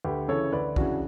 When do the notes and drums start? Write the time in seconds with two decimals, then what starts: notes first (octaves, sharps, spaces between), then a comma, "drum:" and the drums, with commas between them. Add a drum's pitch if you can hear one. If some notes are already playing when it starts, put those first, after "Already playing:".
0.05 D2 G4 B4
0.28 C#3 E3 A4 C#5
0.52 D2 B4 D5
0.76 C#3 E3 D4 F#4, drum: kick